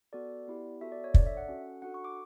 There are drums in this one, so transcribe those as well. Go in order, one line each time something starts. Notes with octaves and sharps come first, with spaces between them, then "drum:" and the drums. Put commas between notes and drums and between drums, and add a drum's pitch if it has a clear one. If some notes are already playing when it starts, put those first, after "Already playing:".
B3 F#4 A4 D5
B3 E4 G4
B3 F#4 A4 E5
D5
C#5
D4 A4 D5, drum: kick
E5
F#5
C#4 F#4 A4
D4 F#4 A4 F#5
C#6
D6